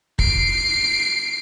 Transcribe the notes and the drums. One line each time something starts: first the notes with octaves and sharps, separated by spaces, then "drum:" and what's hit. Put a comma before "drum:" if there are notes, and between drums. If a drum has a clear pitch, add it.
C7 D7, drum: kick